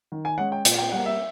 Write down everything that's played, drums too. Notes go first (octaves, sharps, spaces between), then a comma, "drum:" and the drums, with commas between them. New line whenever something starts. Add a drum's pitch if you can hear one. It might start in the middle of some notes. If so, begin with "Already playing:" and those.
D#3
G#5
G#3 C#4 F#5
G5
A#2, drum: hi-hat
G5
G3 A#3 F#5
E5